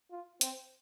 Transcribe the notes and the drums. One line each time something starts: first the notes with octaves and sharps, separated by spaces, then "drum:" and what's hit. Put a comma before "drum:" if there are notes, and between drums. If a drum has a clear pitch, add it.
F4
C4, drum: hi-hat